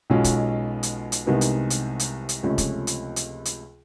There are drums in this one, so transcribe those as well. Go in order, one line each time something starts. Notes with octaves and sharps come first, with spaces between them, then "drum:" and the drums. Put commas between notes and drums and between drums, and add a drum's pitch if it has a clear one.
B1 B2 G#3 C#4 F4
drum: kick, hi-hat
drum: hi-hat
drum: hi-hat
C2 C3 D#3 G#3 B3
drum: hi-hat
drum: hi-hat
drum: hi-hat
drum: hi-hat
C#2 C3 F3 A3 C#4
drum: kick, hi-hat
drum: hi-hat
drum: hi-hat
drum: hi-hat